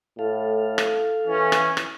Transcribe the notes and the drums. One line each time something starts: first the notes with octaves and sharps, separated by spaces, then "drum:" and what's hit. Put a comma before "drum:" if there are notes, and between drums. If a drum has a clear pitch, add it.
A2 A4 F5
drum: rim click
E3 C#4
drum: rim click
drum: rim click